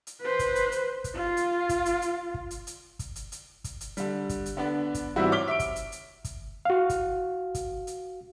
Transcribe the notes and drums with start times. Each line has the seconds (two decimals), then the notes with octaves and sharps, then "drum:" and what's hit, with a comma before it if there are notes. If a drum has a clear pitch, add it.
0.07 drum: hi-hat
0.21 B4 C5
0.39 drum: kick, hi-hat
0.56 drum: hi-hat
0.72 drum: hi-hat
1.04 drum: kick, hi-hat
1.15 F4
1.37 drum: hi-hat
1.69 drum: kick, hi-hat
1.86 drum: hi-hat
2.02 drum: hi-hat
2.34 drum: kick
2.51 drum: hi-hat
2.67 drum: hi-hat
2.99 drum: kick, hi-hat
3.16 drum: hi-hat
3.32 drum: hi-hat
3.64 drum: kick, hi-hat
3.81 drum: hi-hat
3.97 D3 G3, drum: hi-hat
4.29 drum: kick, hi-hat
4.46 drum: hi-hat
4.57 D3 B3 D4
4.94 drum: kick, hi-hat
5.16 G#2 E3 G3 C4 E4 F#4
5.32 C#5 D6 F6 B6 G7
5.48 E5 D7
5.59 drum: kick, hi-hat
5.76 drum: hi-hat
5.92 drum: hi-hat
6.24 drum: kick, hi-hat
6.65 F#4 F5
6.90 drum: kick, hi-hat
7.55 drum: kick, hi-hat
7.87 drum: hi-hat